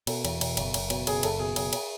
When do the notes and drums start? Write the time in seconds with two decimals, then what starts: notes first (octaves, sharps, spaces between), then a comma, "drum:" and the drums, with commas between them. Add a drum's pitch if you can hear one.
0.07 B2 A4, drum: cymbal
0.25 E2, drum: cymbal
0.41 B2, drum: cymbal
0.57 F#1, drum: cymbal
0.74 F#1, drum: cymbal
0.90 B2, drum: cymbal
1.07 F#1 G#4, drum: cymbal
1.23 F#1 A4, drum: cymbal
1.40 B2 G#4
1.56 F#1 G#4, drum: cymbal
1.73 drum: cymbal